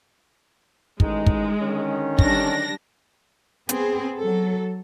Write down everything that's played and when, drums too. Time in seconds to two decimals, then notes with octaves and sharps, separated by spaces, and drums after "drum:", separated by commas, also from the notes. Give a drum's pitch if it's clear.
1.00 A1 D#3 G#3 D#4, drum: kick
1.26 drum: kick
1.61 D3 D#3 C#4
2.19 G3 D4 A#6, drum: kick
3.69 B3 C4 G#4, drum: hi-hat
4.17 F#3 A4